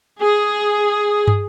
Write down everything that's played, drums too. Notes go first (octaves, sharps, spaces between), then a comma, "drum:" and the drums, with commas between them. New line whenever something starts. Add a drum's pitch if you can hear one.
G#4
drum: tom